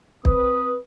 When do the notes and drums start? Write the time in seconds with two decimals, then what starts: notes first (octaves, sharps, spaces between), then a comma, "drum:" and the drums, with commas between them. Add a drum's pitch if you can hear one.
0.25 C4 B4 D#6, drum: kick